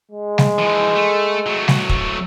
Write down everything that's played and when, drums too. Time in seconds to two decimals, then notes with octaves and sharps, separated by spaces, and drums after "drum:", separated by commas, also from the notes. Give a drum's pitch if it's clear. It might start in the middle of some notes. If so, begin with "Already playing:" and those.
0.11 G#3
0.38 drum: snare G3
0.59 E3 F3
0.96 A3
1.46 F#3 A3
1.68 drum: snare G3
1.89 drum: kick